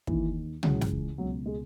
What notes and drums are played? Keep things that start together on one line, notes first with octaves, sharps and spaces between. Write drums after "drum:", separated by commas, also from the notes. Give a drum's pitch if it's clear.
D#2 D#3 E3, drum: kick
C#2 C#3 E3 F#3, drum: tom
drum: snare
C#2 B2 F#3
G#3